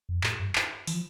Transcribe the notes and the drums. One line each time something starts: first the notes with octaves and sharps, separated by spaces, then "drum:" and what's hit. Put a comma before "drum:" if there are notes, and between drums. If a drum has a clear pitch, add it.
F2
A2, drum: clap
G2
drum: clap
E3, drum: open hi-hat
F3